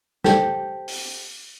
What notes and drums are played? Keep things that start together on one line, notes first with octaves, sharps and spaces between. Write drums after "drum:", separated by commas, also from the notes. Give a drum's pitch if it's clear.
G4 A4 C5, drum: snare
drum: open hi-hat